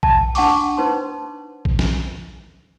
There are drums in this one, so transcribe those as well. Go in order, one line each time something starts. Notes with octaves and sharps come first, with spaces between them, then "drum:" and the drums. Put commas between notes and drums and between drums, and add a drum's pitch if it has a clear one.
A5, drum: kick A#1
D4 F#5 A5 C#6 D6, drum: open hi-hat
D#4 B4 C5 A5 C6
drum: kick A#1
drum: snare